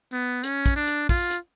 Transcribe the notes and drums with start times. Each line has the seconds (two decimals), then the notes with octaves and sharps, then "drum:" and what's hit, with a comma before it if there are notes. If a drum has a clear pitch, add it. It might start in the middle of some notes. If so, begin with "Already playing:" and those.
0.12 B3
0.44 C#4, drum: hi-hat
0.66 drum: kick, hi-hat
0.76 D4
0.87 drum: hi-hat
1.09 F4, drum: kick, open hi-hat
1.30 drum: hi-hat